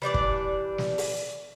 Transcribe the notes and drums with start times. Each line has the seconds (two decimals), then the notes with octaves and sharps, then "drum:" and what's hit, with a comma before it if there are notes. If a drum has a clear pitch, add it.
0.02 E3 G3 D4 D5
0.14 drum: kick
0.78 drum: snare
0.98 drum: open hi-hat